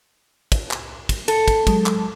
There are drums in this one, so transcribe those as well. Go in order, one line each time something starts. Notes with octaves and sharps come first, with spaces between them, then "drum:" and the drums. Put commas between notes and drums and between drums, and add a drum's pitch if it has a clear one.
drum: kick, cymbal
drum: clap
drum: kick, cymbal
A4, drum: cymbal
drum: kick, cymbal
F#3 G#3 A5, drum: kick, cymbal
drum: clap